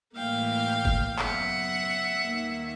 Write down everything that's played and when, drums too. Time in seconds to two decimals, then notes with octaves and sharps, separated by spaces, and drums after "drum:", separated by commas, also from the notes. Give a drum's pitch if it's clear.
0.16 A2 E3 G3 A#3 F5 G5
0.85 drum: kick G1
1.19 F#2 C#3 F#3 B3 E5 F#5, drum: clap
2.22 D#2 D#3 G3 A#3